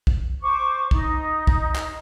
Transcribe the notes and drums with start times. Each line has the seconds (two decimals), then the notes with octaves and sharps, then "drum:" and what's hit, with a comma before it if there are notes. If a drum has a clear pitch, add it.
0.07 drum: kick
0.41 C5 C#6 D6
0.91 D#4, drum: kick
1.47 drum: kick
1.75 drum: clap